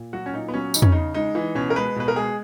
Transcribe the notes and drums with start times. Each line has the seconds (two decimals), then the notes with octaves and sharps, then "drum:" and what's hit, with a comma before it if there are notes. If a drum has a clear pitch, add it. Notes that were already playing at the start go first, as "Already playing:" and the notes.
Already playing: A#2
0.13 F#3 F#4
0.26 C#4
0.33 A#2 D#4
0.49 B3
0.54 F#3 C#4
0.74 C#3 D#4, drum: tambourine
0.82 C#4, drum: tom
0.92 C#3 D#4
1.14 G#3 D#4
1.35 E3
1.55 B2 C#4
1.70 A#4
1.76 G#3 B4
1.96 B2 B4
2.08 A#4
2.16 G#3 G#4